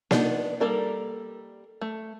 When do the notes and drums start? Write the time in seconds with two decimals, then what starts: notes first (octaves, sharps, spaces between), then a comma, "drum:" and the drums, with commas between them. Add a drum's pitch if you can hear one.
0.11 B3 D4 D#4, drum: snare A#3
0.60 G3 A#3 A4 A#4 D5
1.81 A3